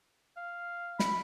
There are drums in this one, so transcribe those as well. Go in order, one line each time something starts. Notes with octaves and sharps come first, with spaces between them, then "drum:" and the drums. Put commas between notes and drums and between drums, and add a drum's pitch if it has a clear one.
F5
B5, drum: snare